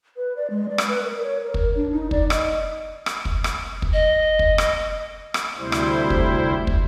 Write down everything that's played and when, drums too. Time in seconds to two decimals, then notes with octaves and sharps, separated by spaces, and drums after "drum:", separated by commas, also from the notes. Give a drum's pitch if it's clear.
0.17 B4
0.37 D5
0.50 G#3
0.69 D5
0.78 drum: rim click
0.88 B4
1.03 A#4
1.23 C#5
1.43 A#4
1.54 drum: kick
1.76 D4
1.92 D#4
2.11 D5, drum: kick
2.30 D#5, drum: rim click
3.06 drum: rim click
3.25 drum: kick
3.44 drum: rim click
3.82 drum: kick
3.93 D#5
4.39 drum: kick
4.58 drum: rim click
5.34 drum: rim click
5.58 D2 C3 G3 E4 C5
5.72 drum: rim click
6.10 drum: kick
6.67 drum: kick